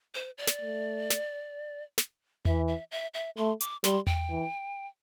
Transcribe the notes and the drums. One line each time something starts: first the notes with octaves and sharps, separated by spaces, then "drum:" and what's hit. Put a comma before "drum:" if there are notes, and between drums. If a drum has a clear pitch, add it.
C5
D5
drum: snare
A3
drum: snare
drum: snare
E3 E5, drum: tom E2
E5
E5
E5
A3 C6
D6, drum: hi-hat
G3 C6, drum: snare
G5, drum: tom E2
E3